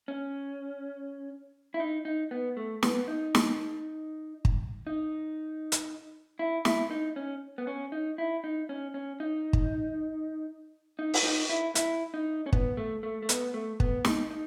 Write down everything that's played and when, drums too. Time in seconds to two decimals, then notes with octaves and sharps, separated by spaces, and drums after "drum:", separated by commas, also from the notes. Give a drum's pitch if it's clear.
0.08 C#4
1.74 E4
1.80 D#4
2.05 D#4
2.31 B3
2.57 A3
2.83 B3, drum: snare
3.08 D#4
3.35 drum: snare
4.45 drum: kick
4.87 D#4
5.72 drum: hi-hat
6.39 E4
6.65 E4, drum: snare
6.91 D#4
7.16 C#4
7.58 B3
7.67 C#4
7.92 D#4
8.18 E4
8.44 D#4
8.69 C#4
8.94 C#4
9.20 D#4
9.53 drum: kick
10.99 D#4
11.14 drum: open hi-hat
11.24 D#4
11.49 E4
11.75 E4, drum: hi-hat
12.14 D#4
12.46 C#4
12.53 B3, drum: kick
12.77 A3
13.03 A3
13.22 A3
13.29 B3, drum: hi-hat
13.54 A3
13.80 B3, drum: kick
14.05 D#4, drum: snare
14.31 D#4